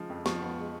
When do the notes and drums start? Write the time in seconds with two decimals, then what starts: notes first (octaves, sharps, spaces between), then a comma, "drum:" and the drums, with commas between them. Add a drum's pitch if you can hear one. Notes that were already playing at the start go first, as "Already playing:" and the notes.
Already playing: C#3 F3 G#3
0.10 F2
0.26 F3 C#6, drum: snare
0.42 B3
0.59 G#3